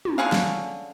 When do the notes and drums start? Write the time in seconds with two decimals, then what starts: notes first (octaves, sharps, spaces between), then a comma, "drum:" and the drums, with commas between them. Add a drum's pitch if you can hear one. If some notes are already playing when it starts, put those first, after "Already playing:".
0.05 drum: tom
0.18 D3 C#4 G#4 F5
0.32 drum: snare